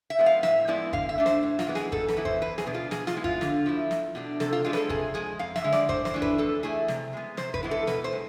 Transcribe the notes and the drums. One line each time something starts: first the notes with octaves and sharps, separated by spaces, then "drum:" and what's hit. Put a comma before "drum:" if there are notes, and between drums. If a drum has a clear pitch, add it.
E5
F3 G#3 B3
F5
A2 E5, drum: snare
F3 G#3 B3 E4 D5
D3 F5, drum: kick G1
E5
A3 D4
C5, drum: snare
A2
F4, drum: snare
E3 G#3 B3
G#4, drum: snare
G#2 A4, drum: kick G1
B4, drum: snare
E3 B3 E4
C5, drum: kick G1
E2 B4
G#4, drum: snare
B2 B3 D4
F4
B2 G#4, drum: snare
F4, drum: snare
G#3 B3 E4
F4, drum: kick G1
D3, drum: snare
F3 A3 E4
E2, drum: snare
B2 A3 D4
C3 A4, drum: snare
F4
F3 G#3 D4 F4
B4, drum: snare
A4
C3 G#4, drum: kick G1
F3 G#3 G#4
F2 F5
E5, drum: snare
D3 G#3
D5, drum: snare
A2 C5, drum: kick G1
C5, drum: snare
E3 A3 D4
B4, drum: kick G1
F2 A4
E3 A3 E4 G#4
C3, drum: snare
G#3 B3
C3 C5, drum: snare
B4, drum: kick G1
E3 G#3 B3 E4
A4
B2 B4, drum: snare
C5
G#3